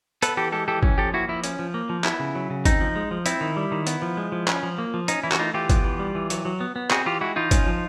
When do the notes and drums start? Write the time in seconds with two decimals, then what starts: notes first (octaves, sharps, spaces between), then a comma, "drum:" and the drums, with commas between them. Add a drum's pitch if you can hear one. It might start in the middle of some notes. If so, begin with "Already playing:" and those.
0.22 B3 A4 B4, drum: hi-hat
0.37 E3 G4 A4
0.52 G#3 G4 A4
0.68 E3 G4 A4
0.83 C#4, drum: kick G1
0.98 F3 G4 A4
1.14 A#3 E4 F#4
1.29 F3 E4
1.44 C#4, drum: hi-hat
1.59 F3
1.74 A#3
1.89 F3
2.04 B3 E4, drum: clap
2.19 C#3
2.35 F#3
2.50 C#3
2.65 C4 D#4, drum: kick G1, hi-hat
2.81 F3
2.96 G#3
3.11 F3
3.26 C4 E4, drum: hi-hat
3.41 D#3
3.56 G3
3.72 D#3
3.87 B3, drum: hi-hat
4.02 F3
4.17 G#3
4.32 F3
4.48 C#4, drum: clap
4.63 F3
4.78 A#3
4.94 F3
5.08 C#4 D#4, drum: hi-hat
5.24 E3 E4
5.32 F#4, drum: clap
5.39 A3 D#4 F4
5.54 E3 F4 G4
5.69 B3, drum: kick G1, hi-hat
5.84 E3
5.99 G3
6.15 E3
6.30 F#3, drum: hi-hat
6.45 F#3
6.60 B3
6.76 B3
6.90 C4 F#4 G#4, drum: clap
7.06 E3 F4 G4
7.21 G#3 E4 F#4
7.36 E3 D#4 F4
7.51 C#4, drum: kick G1, hi-hat
7.67 F3